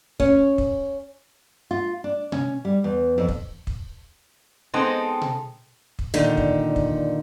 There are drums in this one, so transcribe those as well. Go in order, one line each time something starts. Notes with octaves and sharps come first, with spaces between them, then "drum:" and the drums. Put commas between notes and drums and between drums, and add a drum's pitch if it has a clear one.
C#4, drum: kick
drum: kick
F4
D4
C#4, drum: tom B2
G3
E2
F2
drum: kick
drum: kick
G#3 B3 C4 D#4 A4 C5
drum: tom B2
drum: kick
A#2 D3 D#3
drum: kick
drum: kick